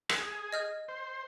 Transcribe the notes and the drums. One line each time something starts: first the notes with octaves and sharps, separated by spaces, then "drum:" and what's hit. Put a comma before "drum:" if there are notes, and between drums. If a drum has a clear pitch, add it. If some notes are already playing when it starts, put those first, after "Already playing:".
G#4, drum: rim click
D#5 F6 G6
C5